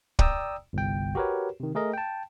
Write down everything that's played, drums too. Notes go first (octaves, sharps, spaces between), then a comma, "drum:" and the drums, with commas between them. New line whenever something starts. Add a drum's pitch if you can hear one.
D5 G5 A#5 D#6 E6, drum: kick
G1 C2 G5
F#4 G4 A#4 B4 C#5
C3 D#3
A3 G#4 A#4 D#5
G5 A5